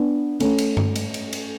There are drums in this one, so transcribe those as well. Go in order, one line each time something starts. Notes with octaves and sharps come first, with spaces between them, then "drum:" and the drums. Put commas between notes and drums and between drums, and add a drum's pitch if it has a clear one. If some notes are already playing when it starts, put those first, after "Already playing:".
Already playing: B3 D4
A3 C#4, drum: cymbal
drum: cymbal
drum: tom G2
drum: cymbal
drum: cymbal
drum: cymbal